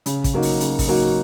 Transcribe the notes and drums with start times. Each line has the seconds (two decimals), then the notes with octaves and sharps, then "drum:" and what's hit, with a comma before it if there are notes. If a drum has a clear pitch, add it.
0.06 C#3, drum: hi-hat
0.24 drum: kick, hi-hat
0.33 F#3 A#3 D#4 F#4
0.42 drum: open hi-hat
0.60 C#3, drum: hi-hat
0.79 drum: kick, open hi-hat
0.88 F#3 A#3 D#4 F#4